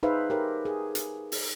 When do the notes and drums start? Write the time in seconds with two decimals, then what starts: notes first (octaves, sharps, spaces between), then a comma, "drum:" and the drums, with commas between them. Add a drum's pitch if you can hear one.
0.03 D#4 G#4 B4 C5 E5 F5
0.30 G4 A#4 C5
0.65 G#4
0.95 drum: hi-hat
1.32 drum: open hi-hat